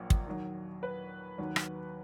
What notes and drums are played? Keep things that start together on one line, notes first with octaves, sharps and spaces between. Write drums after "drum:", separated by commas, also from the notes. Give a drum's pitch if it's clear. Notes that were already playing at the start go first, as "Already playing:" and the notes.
Already playing: A#1 A#2 F#3
drum: kick
D#2 D#3 F#3
B4
D#2 D#3 F#3
drum: rim click